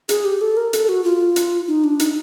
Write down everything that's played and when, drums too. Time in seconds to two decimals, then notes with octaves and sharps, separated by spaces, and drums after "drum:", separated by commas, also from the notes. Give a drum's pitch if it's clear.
0.09 G#4, drum: hi-hat
0.25 G4
0.41 A4
0.57 A#4
0.73 A4, drum: hi-hat
0.89 F#4
1.04 F4
1.36 drum: hi-hat
1.68 D#4
1.84 D4
2.00 D#4, drum: hi-hat